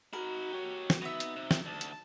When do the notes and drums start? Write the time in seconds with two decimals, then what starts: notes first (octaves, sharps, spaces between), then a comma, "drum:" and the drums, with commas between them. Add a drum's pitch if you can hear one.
0.13 D#4 F#4 A#4 B5
0.52 G4 C#5
0.90 drum: snare
1.02 B3 D#4 F#4 E5
1.20 drum: hi-hat
1.36 C3
1.51 drum: snare
1.66 D2 A5
1.81 drum: hi-hat